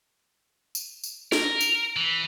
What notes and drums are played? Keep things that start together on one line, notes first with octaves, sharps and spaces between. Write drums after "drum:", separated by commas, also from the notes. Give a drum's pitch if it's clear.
drum: tambourine
drum: tambourine
A#4, drum: snare
drum: tambourine
E3